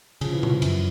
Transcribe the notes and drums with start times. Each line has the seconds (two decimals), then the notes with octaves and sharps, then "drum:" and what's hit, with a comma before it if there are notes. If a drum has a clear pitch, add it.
0.21 C#3 F3, drum: cymbal
0.33 E3
0.43 F3, drum: tom
0.62 F#2, drum: cymbal